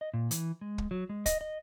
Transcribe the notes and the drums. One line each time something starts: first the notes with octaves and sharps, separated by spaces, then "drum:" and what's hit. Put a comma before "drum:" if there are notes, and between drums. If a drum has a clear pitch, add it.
D#5
A#2
E3, drum: hi-hat
G#3
drum: kick
F#3
G#3
D#5, drum: kick, hi-hat
D#5